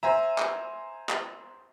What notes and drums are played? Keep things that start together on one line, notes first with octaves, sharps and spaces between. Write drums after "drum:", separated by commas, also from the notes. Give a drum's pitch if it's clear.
C5 E5 G#5 A#5
drum: clap
drum: clap